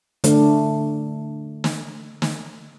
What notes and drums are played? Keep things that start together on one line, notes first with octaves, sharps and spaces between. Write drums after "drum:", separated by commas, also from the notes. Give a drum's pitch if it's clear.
D3 A3 D4, drum: hi-hat
drum: snare
drum: snare